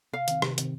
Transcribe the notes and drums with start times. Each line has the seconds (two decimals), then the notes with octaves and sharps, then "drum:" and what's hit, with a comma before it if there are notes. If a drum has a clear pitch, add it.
0.13 C3 F5
0.28 D#3 C4, drum: hi-hat
0.42 C3, drum: rim click
0.58 D#3 C4, drum: hi-hat